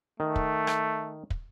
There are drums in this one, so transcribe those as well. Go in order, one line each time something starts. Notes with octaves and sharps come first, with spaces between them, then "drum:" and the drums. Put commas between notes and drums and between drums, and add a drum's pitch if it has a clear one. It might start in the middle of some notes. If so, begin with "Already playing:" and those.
D#3 A3
drum: kick
drum: rim click
drum: kick